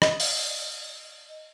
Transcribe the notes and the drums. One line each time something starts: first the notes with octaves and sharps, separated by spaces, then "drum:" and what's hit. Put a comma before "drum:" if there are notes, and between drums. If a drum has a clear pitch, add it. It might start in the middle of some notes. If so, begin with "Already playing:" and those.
D#5, drum: rim click
drum: open hi-hat